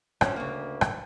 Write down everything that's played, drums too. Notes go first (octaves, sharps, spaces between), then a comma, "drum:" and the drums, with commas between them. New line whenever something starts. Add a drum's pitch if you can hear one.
D2 F3 C#4, drum: rim click
C#3 A#3
drum: rim click